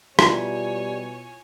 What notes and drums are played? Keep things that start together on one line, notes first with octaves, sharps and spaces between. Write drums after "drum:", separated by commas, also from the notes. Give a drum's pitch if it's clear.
B2 G3 E4 F4 C#5 E5 G#5, drum: rim click